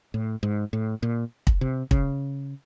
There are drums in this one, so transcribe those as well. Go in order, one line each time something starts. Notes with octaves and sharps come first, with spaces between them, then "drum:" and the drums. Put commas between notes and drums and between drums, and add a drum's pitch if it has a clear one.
A2
G#2
A2
A#2
drum: kick
C3
C#3, drum: kick